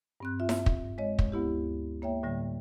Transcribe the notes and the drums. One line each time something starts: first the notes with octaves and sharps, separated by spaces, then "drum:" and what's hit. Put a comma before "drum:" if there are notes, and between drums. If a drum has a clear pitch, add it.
G2 C4 F#6
F4 E5
drum: snare E4
drum: kick
G#3 C#5 D#5
drum: kick
D2 B3 E4 G4
A#3 C#5 E5 G5
A2 D3 G3